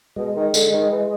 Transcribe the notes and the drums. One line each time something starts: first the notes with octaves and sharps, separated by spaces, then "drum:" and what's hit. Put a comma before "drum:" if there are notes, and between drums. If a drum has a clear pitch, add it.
B2 G#3
D#3
D3, drum: tambourine
D#3
E3